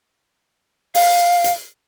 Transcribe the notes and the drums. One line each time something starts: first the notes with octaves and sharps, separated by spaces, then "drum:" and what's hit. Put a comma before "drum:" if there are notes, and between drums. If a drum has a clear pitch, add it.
F5, drum: open hi-hat
drum: hi-hat